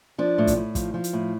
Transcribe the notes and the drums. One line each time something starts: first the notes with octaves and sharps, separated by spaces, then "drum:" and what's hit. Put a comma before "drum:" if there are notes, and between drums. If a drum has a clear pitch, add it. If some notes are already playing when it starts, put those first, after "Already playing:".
F3 D4
A2
drum: kick, hi-hat
A2
F3, drum: kick, hi-hat
F3
drum: hi-hat
A2